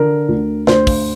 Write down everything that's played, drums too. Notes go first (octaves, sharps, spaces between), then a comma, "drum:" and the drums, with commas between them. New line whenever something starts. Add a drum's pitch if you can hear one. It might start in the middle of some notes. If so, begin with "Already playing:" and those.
Already playing: D3 A#4
D2
D2 C5, drum: snare
drum: kick, open hi-hat